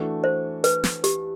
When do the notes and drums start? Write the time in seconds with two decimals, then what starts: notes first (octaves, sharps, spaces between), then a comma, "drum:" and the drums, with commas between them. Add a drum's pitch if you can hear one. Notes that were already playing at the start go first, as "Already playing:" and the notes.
Already playing: E3 A3 D4 F#4
0.24 C5
0.64 B4, drum: hi-hat
0.84 drum: snare
1.04 G4, drum: hi-hat